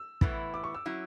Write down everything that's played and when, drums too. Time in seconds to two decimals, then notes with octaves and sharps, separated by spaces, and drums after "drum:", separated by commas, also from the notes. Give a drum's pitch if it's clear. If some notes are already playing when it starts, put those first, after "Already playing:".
Already playing: E6
0.21 A2 E3 B3 E4, drum: kick
0.54 D6
0.64 C#6
0.75 E6
0.86 F#3 C#4 E4